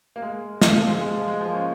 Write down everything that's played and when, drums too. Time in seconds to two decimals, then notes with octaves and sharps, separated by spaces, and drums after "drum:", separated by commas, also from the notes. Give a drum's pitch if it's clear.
0.16 A#3
0.22 G#3
0.62 drum: snare
0.75 F3
0.88 G#3
1.01 G#3
1.14 F3
1.28 G#3
1.41 F3
1.50 A#3
1.54 C#4